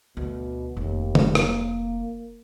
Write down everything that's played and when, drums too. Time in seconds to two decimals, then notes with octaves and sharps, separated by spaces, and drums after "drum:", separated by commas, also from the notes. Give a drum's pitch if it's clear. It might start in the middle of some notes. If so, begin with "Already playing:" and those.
0.17 D2 B2
0.77 F1 D#2
1.15 drum: tom C#3
1.35 A#3, drum: rim click